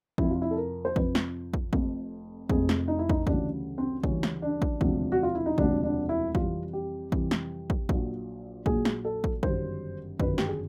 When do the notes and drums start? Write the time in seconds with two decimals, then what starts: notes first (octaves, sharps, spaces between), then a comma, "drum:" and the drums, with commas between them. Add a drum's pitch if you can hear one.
0.18 F2 C3 F3 E4, drum: kick
0.31 F4
0.42 E4
0.51 A4
0.57 A#4
0.85 C5
0.96 F2 C3 F3 B4, drum: kick
1.15 drum: snare
1.54 drum: kick
1.73 F1 F2 C3, drum: kick
2.49 F1 F2 C3 G#4, drum: kick
2.69 drum: snare
2.88 D#4
2.99 E4
3.09 D#4, drum: kick
3.27 D2 C#3 E3 G3 D4, drum: kick
3.78 C4
4.04 D2 C#3 E3 G3 C#4, drum: kick
4.23 drum: snare
4.42 D4
4.62 drum: kick
4.81 E1 D2 C3 F3, drum: kick
5.12 F#4
5.23 F4
5.35 E4
5.46 D#4
5.58 E1 D2 C3 F3 D4, drum: kick
5.84 D4
6.09 E4
6.35 F2 C3 E3 G3 F4, drum: kick
6.73 G4
7.12 F2 C3 E3 G3, drum: kick
7.31 drum: snare
7.70 drum: kick
7.89 A#1 A#2 F#3, drum: kick
8.66 A#1 A#2 F#3 G#4, drum: kick
8.85 drum: snare
9.05 A4
9.24 drum: kick
9.43 G1 F#2 D#3 G3 C5, drum: kick
10.20 G1 F#2 D#3 G3 B4, drum: kick
10.38 G4, drum: snare
10.48 G#4